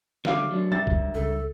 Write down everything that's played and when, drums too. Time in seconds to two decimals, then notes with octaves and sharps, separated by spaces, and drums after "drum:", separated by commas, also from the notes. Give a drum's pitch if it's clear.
0.25 D3 G3 A3 F5 D6, drum: snare
0.51 F#3 D4
0.72 G2 G3 A#4 E5 A6
0.87 drum: kick C#2
1.15 C#2 A4